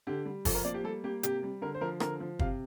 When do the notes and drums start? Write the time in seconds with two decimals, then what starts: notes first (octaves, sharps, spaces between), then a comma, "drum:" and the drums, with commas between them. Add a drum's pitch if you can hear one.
0.07 D3 G4
0.25 G3
0.45 F3 A4, drum: kick, open hi-hat
0.55 A#4
0.64 A#3 D5
0.74 G4
0.84 G3 A4
1.04 A#3 G4
1.23 C3 G4, drum: hi-hat
1.43 G3
1.62 D3 A#4
1.74 C5
1.81 F3 A#4
2.00 D3 A#4, drum: rim click
2.20 F3
2.39 C3 F5, drum: kick